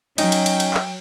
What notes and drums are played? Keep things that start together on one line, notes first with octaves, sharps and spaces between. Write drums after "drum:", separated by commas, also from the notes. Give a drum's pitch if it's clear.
F#3 C#4 D#4 G5, drum: cymbal
drum: cymbal
drum: cymbal
drum: cymbal
drum: clap